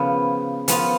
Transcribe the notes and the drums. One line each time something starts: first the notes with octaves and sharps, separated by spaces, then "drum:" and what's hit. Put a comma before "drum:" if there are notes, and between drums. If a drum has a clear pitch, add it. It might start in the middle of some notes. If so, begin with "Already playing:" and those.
Already playing: C#3 F3 B3
F3 B3 F4, drum: hi-hat